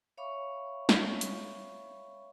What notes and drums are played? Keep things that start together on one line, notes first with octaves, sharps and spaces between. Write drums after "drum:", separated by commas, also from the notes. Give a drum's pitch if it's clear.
C#5 E5 F5 B5 C#6 D6
drum: snare
drum: hi-hat